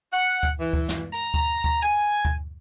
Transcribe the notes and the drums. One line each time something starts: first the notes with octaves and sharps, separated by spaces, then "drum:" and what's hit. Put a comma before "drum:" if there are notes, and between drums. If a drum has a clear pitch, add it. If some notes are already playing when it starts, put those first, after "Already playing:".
F#5
drum: kick D2
E3
drum: kick D2
drum: snare
A#5
drum: kick D2
drum: kick D2
G#5
drum: kick D2